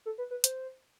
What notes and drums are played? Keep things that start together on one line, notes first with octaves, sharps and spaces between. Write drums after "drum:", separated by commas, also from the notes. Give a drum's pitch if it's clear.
A4
B4
B4
C5, drum: hi-hat